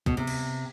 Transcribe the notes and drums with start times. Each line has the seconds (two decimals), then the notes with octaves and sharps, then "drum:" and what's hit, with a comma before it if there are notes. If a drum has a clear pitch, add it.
0.06 B2, drum: kick
0.17 C3
0.27 drum: cymbal